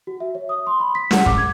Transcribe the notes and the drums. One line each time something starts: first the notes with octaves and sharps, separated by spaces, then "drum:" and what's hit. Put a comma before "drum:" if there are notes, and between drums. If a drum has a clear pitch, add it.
F#4
E5
C#5
D#6
C6
B5
B6
F#5, drum: snare
D6, drum: kick
G#6